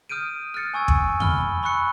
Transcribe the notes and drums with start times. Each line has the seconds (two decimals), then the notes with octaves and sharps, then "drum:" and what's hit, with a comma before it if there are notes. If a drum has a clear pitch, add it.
0.09 D#6 F6 G6 D7 D#7
0.54 F6 F#6 A6 C#7
0.74 G#5 C#6 E6 G#6
0.88 drum: kick
1.20 B5 F6 G7, drum: tom E2
1.63 B5 C#6 E6 F#6 C#7